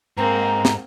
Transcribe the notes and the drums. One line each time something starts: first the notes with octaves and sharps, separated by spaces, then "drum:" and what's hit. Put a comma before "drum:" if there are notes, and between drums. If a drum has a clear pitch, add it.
G#2 A#3 C4 A#5
drum: snare